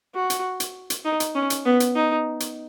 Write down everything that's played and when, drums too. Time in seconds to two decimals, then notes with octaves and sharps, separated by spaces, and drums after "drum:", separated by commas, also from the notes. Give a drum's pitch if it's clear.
0.15 F#4
0.30 drum: hi-hat
0.60 drum: hi-hat
0.90 drum: hi-hat
1.05 D#4
1.20 drum: hi-hat
1.35 C#4
1.50 drum: hi-hat
1.65 B3
1.80 drum: hi-hat
1.96 D#4
2.40 drum: hi-hat